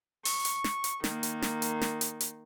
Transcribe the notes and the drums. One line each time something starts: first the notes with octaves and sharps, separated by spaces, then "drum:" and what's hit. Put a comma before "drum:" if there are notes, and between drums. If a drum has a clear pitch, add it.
C#6, drum: open hi-hat
drum: hi-hat
drum: snare
drum: hi-hat
D#3 A#3, drum: snare
drum: hi-hat
drum: snare
drum: hi-hat
drum: snare
drum: hi-hat
drum: hi-hat